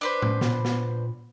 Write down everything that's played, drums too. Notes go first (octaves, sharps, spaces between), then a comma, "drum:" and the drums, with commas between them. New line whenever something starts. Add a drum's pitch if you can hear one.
D4 B4 C5
drum: tom A2
A#2, drum: snare
drum: snare